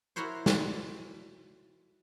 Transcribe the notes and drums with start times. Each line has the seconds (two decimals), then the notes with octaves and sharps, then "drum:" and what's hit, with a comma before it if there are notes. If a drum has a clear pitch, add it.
0.16 E4 F#4 A#4 C5 C#5
0.46 drum: snare